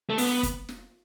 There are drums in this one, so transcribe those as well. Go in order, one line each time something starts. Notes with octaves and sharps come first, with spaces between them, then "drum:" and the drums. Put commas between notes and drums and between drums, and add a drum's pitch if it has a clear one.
A3
B3, drum: open hi-hat
drum: kick, hi-hat
drum: snare